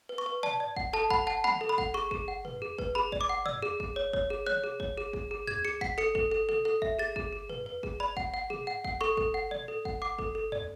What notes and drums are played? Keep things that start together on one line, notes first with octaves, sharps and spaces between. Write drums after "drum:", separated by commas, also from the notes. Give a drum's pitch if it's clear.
B4
C#6
B4
D5 A5, drum: tom
D5
F#5, drum: kick G1
A4 A5
F#5 B5, drum: kick G1
F#5 A5
F#5 B5, drum: tom
A4
B5
F#5, drum: kick G1
G#4 C#6
G#4, drum: kick G1
F#5
B4, drum: tom
G#4
B4, drum: kick G1
G#4 B5
D5, drum: kick G1
D6
F#5
D5 E6, drum: tom
G#4
G#4, drum: kick G1
C#5
C#5, drum: kick G1
G#4
C#5 F#6, drum: tom
G#4
C#5, drum: kick G1
G#4
G#4, drum: kick G1
G#4
G#4 G#6, drum: tom
G#4 C#7
F#5 B6, drum: kick G1
A4 C#7
A4, drum: kick G1
A4
A4, drum: tom
A4
E5, drum: kick G1
G#4 A6
G#4, drum: kick G1
G#4
B4, drum: tom
B4
G#4, drum: kick G1
D5 B5
F#5, drum: kick G1
F#5
G#4, drum: tom
F#5
F#5, drum: kick G1
A4 C#6
A4, drum: kick G1
F#5
D5, drum: tom
A4
F#5, drum: kick G1
F#5 D6
A4, drum: kick G1
A4
D5, drum: tom